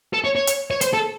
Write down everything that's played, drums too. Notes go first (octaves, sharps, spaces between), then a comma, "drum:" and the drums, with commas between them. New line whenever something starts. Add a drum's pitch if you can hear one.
A4
C#5
C#5
drum: hi-hat
C#5
C5, drum: hi-hat
A4